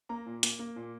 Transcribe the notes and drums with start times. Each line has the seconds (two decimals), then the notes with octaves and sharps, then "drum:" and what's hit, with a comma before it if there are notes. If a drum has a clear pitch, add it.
0.09 A#3 A#5
0.26 A#2
0.43 A#3, drum: hi-hat
0.59 A#3
0.76 A#2